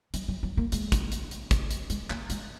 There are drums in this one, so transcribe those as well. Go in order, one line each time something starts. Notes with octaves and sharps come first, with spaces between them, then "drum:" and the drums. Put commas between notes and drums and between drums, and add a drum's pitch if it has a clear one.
F#3, drum: hi-hat
F#3
F#3
A#3
G#3, drum: hi-hat
drum: kick, hi-hat
drum: hi-hat
drum: hi-hat
drum: kick, hi-hat
drum: hi-hat
G#3, drum: hi-hat
A#3, drum: clap
G#3, drum: hi-hat